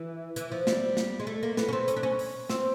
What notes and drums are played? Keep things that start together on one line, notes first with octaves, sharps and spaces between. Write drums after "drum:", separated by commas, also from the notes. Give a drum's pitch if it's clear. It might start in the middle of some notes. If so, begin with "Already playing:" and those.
Already playing: E3
E3, drum: hi-hat
F3
G3, drum: snare
drum: snare
G#3
A3
A#3
B3, drum: snare
C#4
C4
C#4, drum: hi-hat
D4
C#4
drum: open hi-hat
C4, drum: snare